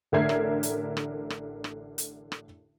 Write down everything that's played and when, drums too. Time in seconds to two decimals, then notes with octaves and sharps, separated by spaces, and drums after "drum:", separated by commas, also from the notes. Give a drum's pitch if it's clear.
0.12 A1 D3 A#4 E5 G#6 C7
0.29 drum: rim click
0.63 drum: hi-hat
0.97 drum: rim click
1.30 drum: rim click
1.64 drum: rim click
1.98 drum: hi-hat
2.32 drum: rim click